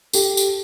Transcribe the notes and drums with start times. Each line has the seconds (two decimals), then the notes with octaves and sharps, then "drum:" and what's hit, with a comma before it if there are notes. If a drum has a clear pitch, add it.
0.13 G4 A4, drum: tambourine
0.37 drum: tambourine